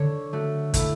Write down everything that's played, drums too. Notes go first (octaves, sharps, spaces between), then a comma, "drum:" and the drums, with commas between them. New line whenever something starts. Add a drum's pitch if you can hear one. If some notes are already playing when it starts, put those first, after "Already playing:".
Already playing: D3 C#5
A3 F#4
A3 E4, drum: kick, hi-hat